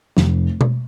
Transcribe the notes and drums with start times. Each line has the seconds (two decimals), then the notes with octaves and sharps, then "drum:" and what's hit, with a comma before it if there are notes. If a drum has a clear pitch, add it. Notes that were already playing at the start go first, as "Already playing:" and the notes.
0.17 F1, drum: snare
0.61 drum: tom B2